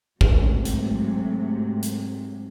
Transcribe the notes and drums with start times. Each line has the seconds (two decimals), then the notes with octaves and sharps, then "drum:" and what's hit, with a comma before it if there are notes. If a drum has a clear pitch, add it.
0.21 G#2 C3 F#3 A3, drum: kick
0.65 drum: hi-hat
1.83 drum: hi-hat